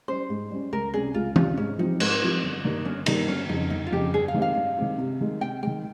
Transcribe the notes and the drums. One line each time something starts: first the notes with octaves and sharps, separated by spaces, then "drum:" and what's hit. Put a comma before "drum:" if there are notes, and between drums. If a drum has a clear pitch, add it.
G3 C#4 C5
G#2
G3 C#4
C#2 A#4
C3 G3 C#4 G4 G#4
C#2 F4
C3 G3 C#4 F4 G4, drum: tom
G#2 C#4
F3 C4 D#4 G4
G#2, drum: cymbal
F3 C4 G4
G1
G2 D#3 A#3
G1 C#4
G2 D#3 A#3 D#4, drum: cymbal
G1 C#4
F2 C#3 D#4
G1 D#4
F4
F2 C#3 G4
G2 G#4
F5
D#3 G#3 C4 G4
F5
G2
D#3 G#3 C4 G4
C3
D#3 G#3
C3 G5
D#3 G#3 G5